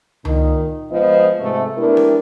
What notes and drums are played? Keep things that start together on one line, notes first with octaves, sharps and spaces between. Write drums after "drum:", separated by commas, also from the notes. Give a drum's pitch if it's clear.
A#2 D#3 D#4, drum: tom C#2
F3 G#3 B3 B4 D#5
G#2 C3 A3
A3 B3 D4 E4 G4 A#4
drum: snare B3